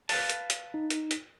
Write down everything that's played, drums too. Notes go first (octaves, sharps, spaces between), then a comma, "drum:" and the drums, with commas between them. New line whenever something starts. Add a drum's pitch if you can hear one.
B4 F5 A5, drum: open hi-hat
drum: hi-hat
drum: hi-hat
D#4
drum: hi-hat
drum: hi-hat